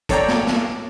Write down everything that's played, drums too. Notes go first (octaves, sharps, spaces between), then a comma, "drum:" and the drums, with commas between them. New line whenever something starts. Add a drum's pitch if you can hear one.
A4 C#5 D5 G5 A#5, drum: kick, hi-hat
drum: snare
drum: snare